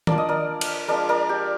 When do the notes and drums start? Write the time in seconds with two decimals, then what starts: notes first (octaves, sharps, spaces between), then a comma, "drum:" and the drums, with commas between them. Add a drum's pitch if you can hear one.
0.07 A#3 D4 F4 D5, drum: tom D#3
0.18 D#5
0.29 A#4 D5
0.61 drum: cymbal
0.88 F3 G#3 D4 F4 A#4 D5
1.09 A#4 D5
1.29 G4